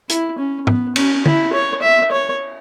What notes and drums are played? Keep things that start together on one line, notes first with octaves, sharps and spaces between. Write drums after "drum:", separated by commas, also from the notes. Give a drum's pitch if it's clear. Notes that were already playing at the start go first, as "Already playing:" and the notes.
E4, drum: hi-hat
C#4
B3, drum: tom
C#4, drum: cymbal
E4, drum: tom
C#5
E5
C#5